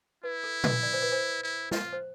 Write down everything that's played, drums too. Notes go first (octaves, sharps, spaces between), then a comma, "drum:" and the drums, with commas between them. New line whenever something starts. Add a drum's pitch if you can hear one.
E4 B4
A4
B4, drum: tom
D5
C5
B4
C5
E4
F4, drum: snare
C5